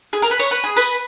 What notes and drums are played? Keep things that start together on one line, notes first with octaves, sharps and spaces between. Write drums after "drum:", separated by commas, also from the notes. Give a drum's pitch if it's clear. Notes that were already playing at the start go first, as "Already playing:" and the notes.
G#4
A#4, drum: tambourine
B4
C#5, drum: tambourine
B4
G#4
B4, drum: tambourine